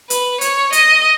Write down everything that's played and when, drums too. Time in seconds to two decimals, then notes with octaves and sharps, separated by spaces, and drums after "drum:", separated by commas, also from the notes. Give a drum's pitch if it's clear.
0.10 B4, drum: hi-hat
0.41 C#5, drum: hi-hat
0.73 D#5, drum: hi-hat